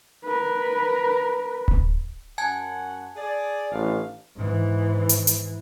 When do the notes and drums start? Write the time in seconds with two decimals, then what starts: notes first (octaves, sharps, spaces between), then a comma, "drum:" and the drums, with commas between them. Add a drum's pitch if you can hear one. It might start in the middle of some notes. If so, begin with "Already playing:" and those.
0.24 A#4 B4
1.68 drum: kick D1
2.38 F#2 F#5 G#5 A5 G#6
3.16 G#4 D5
3.71 A1 D4 F5
4.36 G#2 E3
5.09 drum: hi-hat
5.27 drum: hi-hat